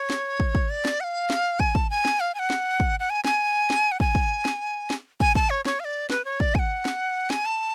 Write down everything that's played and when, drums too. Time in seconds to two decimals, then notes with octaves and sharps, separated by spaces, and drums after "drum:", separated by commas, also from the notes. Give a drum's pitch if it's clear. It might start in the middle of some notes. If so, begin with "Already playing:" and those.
Already playing: C#5
0.10 drum: snare
0.40 drum: kick
0.55 drum: kick
0.70 D5
0.85 drum: snare
1.00 F#5
1.04 F5
1.30 drum: snare
1.60 G#5, drum: kick
1.75 A5, drum: kick
1.90 G#5
2.05 drum: snare
2.20 F5
2.35 G#5
2.39 F#5
2.50 drum: snare
2.80 drum: kick
3.00 F#5
3.10 G#5
3.25 G#5, drum: snare
3.70 drum: snare
3.92 F#5
4.00 G#5, drum: kick
4.15 drum: kick
4.45 drum: snare
4.90 drum: snare
5.20 G#5, drum: kick
5.35 A5, drum: kick
5.50 C#5
5.65 C#5, drum: snare
5.80 F5
5.85 D5
6.10 B4, drum: snare
6.25 C#5
6.40 D5, drum: kick
6.55 G#5, drum: kick
6.59 F#5
6.85 drum: snare
7.30 G#5, drum: snare
7.46 A5